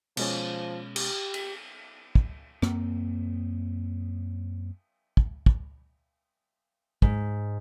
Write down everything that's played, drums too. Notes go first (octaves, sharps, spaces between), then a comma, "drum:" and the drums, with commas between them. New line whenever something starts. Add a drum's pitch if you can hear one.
B2 F3 G#3 C#4, drum: cymbal
G4, drum: cymbal
drum: cymbal
drum: kick
F#2 A#3 C4, drum: rim click
drum: kick
drum: kick
G#2, drum: kick